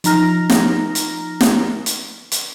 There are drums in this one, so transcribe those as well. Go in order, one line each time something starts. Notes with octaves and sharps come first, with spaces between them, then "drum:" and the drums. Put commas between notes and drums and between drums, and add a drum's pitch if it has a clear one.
F3 D#4 A#5 F6 A#6, drum: hi-hat
drum: snare
drum: hi-hat
drum: snare
drum: hi-hat
drum: hi-hat